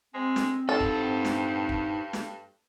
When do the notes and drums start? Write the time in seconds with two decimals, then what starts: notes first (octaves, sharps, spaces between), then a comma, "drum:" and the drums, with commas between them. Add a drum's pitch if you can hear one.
0.14 G#3 C4
0.36 drum: snare
0.69 G2 D#4 A4 C5
0.80 drum: kick
1.25 drum: snare
1.69 drum: kick
2.13 drum: snare